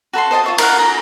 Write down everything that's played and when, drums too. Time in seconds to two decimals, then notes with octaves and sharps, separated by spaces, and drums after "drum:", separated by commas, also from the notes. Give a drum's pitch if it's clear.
0.13 F#4 A4 B5 C6
0.31 C5 D#5 G5 A5
0.44 F4 C#5 E5
0.58 A#4 F5 F#5, drum: cymbal
0.79 A#5